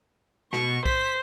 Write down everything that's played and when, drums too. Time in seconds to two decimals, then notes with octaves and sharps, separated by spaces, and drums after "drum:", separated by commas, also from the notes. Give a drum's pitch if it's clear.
0.53 B2 C#6, drum: snare
0.86 C5 B6, drum: kick B1